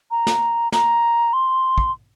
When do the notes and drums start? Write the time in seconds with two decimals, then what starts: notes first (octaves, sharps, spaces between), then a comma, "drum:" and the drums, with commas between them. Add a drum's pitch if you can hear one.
0.11 A#5
0.27 drum: snare
0.72 A#5, drum: snare
1.33 C6
1.78 drum: kick